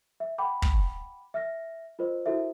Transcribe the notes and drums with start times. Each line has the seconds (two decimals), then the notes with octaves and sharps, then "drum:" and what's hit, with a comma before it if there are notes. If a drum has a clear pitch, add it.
0.20 E5
0.38 F#5 G5 B5 D6
0.62 drum: kick
1.34 E5 F6 A#6
1.99 F4 A#4 C5 D#5
2.26 E4 F#4 A4 A#4 C5 E5